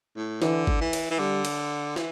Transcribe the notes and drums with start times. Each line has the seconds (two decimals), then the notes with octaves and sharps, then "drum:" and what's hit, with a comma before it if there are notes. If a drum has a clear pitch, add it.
0.16 A2
0.42 D3 E3, drum: snare
0.67 drum: kick
0.81 E3
0.93 drum: cymbal
1.11 E3
1.18 D3 G3
1.45 drum: cymbal
1.96 E3, drum: snare